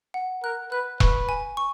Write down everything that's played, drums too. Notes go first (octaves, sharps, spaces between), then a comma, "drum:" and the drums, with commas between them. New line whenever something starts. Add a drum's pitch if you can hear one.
F#5
A#4 F#6
B4 F#6
B4 C#6, drum: kick E1
G#5
C#6